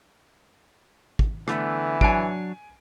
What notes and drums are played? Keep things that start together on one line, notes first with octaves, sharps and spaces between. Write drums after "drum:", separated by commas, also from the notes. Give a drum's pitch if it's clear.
drum: kick
D3 E3 A3 B3, drum: rim click
F#3 D4 C#5 G#5 D7, drum: kick